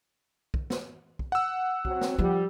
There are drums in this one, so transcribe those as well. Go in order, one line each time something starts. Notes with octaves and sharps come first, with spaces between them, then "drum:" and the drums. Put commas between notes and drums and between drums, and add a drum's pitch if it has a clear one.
drum: kick
drum: snare
drum: kick
F#5 E6
F#3 C4, drum: kick
drum: snare
F3 G3